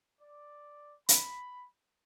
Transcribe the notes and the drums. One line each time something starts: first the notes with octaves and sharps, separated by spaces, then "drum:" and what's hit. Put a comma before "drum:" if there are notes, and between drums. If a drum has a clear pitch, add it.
D5
B5, drum: hi-hat